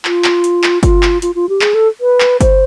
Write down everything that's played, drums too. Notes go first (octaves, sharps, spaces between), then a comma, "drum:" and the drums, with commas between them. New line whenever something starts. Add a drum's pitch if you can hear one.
F4, drum: clap
drum: clap
drum: hi-hat
drum: clap
F4, drum: kick G1, hi-hat
drum: clap
F4, drum: hi-hat
F4
G4
G#4, drum: clap
A4
B4
drum: clap
C5, drum: kick G1, hi-hat